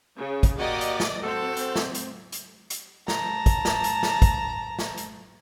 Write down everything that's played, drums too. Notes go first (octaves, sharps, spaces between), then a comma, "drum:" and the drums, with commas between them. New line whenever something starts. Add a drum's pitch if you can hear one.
C#3
drum: kick, hi-hat
A#3 F#4 G4 D5 D#5
drum: hi-hat
drum: snare
C4 F#4 A4
drum: hi-hat
drum: snare
drum: hi-hat
drum: hi-hat
drum: hi-hat
A5 A#5, drum: snare
drum: kick, hi-hat
drum: snare
drum: hi-hat
drum: snare
drum: kick, hi-hat
drum: snare
drum: hi-hat